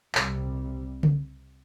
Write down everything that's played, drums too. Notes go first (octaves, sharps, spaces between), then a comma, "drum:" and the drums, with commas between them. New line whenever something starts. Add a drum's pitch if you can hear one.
C2 C3 G3, drum: clap
drum: tom C#3